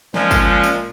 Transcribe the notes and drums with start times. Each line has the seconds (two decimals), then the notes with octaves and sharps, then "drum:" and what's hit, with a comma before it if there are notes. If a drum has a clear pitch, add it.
0.14 A#2 F3 G#3 C#4, drum: snare
0.31 drum: kick, tambourine
0.64 drum: tambourine